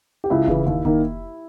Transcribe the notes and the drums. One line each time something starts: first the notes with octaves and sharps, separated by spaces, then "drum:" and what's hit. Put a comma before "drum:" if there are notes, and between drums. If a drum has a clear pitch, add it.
G4
C#2 E4
C#3 E3, drum: kick F1
D#2
D#3 A#3, drum: kick F1